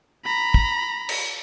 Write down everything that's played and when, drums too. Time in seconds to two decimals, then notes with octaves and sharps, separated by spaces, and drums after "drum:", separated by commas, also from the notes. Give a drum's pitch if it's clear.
0.24 A#5 B5
0.54 drum: kick
1.09 drum: cymbal